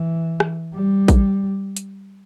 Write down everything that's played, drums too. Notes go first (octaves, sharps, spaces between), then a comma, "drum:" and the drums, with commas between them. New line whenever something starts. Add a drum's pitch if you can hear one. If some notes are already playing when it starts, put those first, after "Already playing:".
Already playing: E3
drum: rim click
G3
drum: kick A1, hi-hat
drum: hi-hat